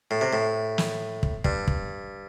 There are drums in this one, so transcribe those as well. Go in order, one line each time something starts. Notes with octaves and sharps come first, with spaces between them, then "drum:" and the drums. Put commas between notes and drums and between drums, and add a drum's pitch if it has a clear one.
A2
C3
A2
drum: snare
drum: kick
G2, drum: kick
drum: kick